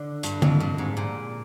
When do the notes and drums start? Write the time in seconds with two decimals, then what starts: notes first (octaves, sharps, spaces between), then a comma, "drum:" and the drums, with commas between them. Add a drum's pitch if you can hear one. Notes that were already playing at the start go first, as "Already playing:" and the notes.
Already playing: D3
0.23 G2, drum: hi-hat
0.42 F2, drum: tom
0.60 G2
0.78 G#2
0.97 A#2